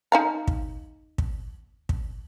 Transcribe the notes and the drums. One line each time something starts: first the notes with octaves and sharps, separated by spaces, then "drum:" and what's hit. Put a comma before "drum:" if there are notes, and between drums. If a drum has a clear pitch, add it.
D#4 F5 A#5
drum: kick
drum: kick
drum: kick